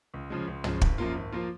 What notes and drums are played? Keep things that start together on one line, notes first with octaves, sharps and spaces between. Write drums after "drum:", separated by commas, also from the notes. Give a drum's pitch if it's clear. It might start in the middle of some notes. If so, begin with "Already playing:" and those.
C#2
C#3 F3 G#3
C#2
C#3 F3 G#3, drum: tom
G#1, drum: kick
F#2 F3 A#3 F4
G#1
F3 A#3 F4